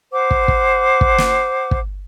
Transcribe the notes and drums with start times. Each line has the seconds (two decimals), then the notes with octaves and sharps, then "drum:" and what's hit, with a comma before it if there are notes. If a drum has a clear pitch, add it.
0.13 C5 F#5 D6
0.31 drum: kick
0.48 drum: kick
1.01 drum: kick
1.19 drum: snare
1.71 drum: kick